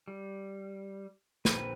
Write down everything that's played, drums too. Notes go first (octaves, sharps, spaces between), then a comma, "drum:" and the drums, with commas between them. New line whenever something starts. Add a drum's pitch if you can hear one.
G3
A#1 A#3 C4 B4, drum: snare